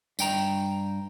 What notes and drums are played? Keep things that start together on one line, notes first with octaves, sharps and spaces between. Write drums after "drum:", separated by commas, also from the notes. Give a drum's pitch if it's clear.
G2 G5 A#5, drum: tambourine